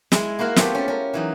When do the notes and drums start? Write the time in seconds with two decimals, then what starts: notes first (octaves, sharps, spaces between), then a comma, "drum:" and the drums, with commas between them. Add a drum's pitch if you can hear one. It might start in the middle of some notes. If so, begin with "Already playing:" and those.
0.12 G#3 E4 G#5, drum: snare
0.39 A#3 E4 F#4 A#4 F5
0.56 A3 B3 C4 E4 F4 G4, drum: snare
0.75 C#4 A4
0.88 C#4 A#4
1.14 E3 F#3 D#4